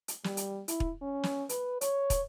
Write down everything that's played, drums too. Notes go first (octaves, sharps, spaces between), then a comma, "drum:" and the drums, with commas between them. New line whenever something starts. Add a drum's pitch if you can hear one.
drum: hi-hat
G3, drum: snare
drum: hi-hat
E4, drum: hi-hat
drum: kick
C#4
drum: snare
B4, drum: hi-hat
C#5, drum: hi-hat
drum: kick, hi-hat